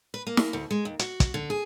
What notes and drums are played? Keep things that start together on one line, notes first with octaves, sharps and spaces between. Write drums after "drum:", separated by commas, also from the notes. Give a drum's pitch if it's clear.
B4
A#3
drum: snare
D2
G#3
D#2
F#4, drum: hi-hat
drum: kick, hi-hat
D3
G#4